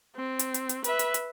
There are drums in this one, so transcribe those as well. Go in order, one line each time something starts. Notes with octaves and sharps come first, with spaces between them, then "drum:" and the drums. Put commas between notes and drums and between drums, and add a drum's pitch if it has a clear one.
C4
drum: hi-hat
drum: hi-hat
drum: hi-hat
B4 E5, drum: hi-hat
drum: hi-hat
drum: hi-hat